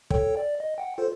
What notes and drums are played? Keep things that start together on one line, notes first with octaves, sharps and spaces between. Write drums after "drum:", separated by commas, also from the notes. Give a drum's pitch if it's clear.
A4 C#5 G5, drum: kick
D5
D#5
F#5 G5
F4 A4 C5